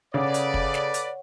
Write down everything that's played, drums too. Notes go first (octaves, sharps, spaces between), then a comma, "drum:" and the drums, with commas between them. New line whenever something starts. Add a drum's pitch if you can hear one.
C#3 A4 B4 C#5 D5 F#5
drum: hi-hat
drum: kick
drum: snare
drum: hi-hat